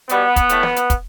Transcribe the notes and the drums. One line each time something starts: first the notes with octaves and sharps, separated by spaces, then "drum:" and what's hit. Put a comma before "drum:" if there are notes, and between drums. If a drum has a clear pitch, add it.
B2 G3 B3, drum: hi-hat
drum: kick, hi-hat
A2 A3, drum: hi-hat
drum: snare
drum: hi-hat
drum: kick, hi-hat